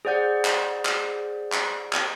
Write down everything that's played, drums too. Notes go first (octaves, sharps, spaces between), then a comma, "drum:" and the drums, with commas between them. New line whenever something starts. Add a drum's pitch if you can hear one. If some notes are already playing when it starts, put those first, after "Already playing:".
G#4 C5 D5 F#5 G6
drum: clap
drum: clap
drum: clap
drum: clap